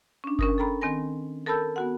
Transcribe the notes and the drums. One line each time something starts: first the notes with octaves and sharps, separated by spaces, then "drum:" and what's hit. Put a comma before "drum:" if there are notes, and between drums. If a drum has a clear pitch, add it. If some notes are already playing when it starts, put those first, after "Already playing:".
C#4 D4
C#4 A#4 D#6, drum: kick G1
A4 G5 A#5 B5
D#3 C4 G#5 A#6
A4 A#4 A5 B5 E6 G6
B3 F#4 F#5